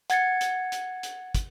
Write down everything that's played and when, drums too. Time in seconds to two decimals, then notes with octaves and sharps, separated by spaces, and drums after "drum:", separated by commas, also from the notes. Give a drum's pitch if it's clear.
0.10 F#5 G#6 A6 C#7, drum: hi-hat
0.41 drum: hi-hat
0.72 drum: hi-hat
1.03 drum: hi-hat
1.35 drum: kick, hi-hat